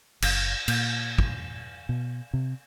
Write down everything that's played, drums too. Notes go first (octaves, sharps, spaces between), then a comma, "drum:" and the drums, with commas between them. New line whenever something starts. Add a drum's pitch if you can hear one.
F#1, drum: cymbal
A#2, drum: cymbal
drum: kick
B2
C3